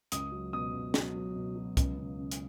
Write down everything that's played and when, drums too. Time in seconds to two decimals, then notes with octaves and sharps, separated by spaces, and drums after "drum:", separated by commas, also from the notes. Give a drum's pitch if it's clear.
0.12 C#2 D#6, drum: hi-hat
0.32 F#3
0.53 B2 D#6
0.74 C#2
0.94 F#3, drum: snare
1.15 F#3
1.35 B2
1.56 F#3
1.77 C#2, drum: kick C2, hi-hat
1.98 C#3
2.18 C#3
2.32 drum: hi-hat